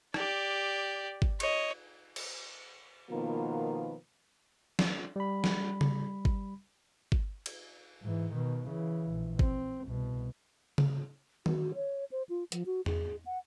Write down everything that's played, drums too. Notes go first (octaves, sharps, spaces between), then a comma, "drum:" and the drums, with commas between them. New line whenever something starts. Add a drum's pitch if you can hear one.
G4 D5, drum: rim click
drum: kick G1
C#5 D#5, drum: cymbal
drum: cymbal
B2 D#3 F3 A#3 B3 F4
drum: snare
G3 B5
drum: snare
drum: tom C#3
drum: kick G1
drum: kick G1
drum: cymbal
G#2 E3
B2 D#3
C#3 E3
A#1
C4, drum: kick G1
C2 B2
drum: tom C#3
F#4, drum: tom D#3
C#5
C5
F4
F3, drum: hi-hat
F#4
G#4, drum: tom E2
F#5